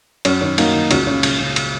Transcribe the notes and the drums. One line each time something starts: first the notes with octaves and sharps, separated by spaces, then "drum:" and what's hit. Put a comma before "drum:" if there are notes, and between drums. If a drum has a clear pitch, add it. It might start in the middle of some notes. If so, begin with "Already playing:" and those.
F#2 C#4, drum: cymbal
D#3 C#4
F#2 A#3 D#4, drum: cymbal
D#3
C#2 C#4 F#4, drum: cymbal
C#3 C#4
C#2, drum: cymbal
C#3
drum: cymbal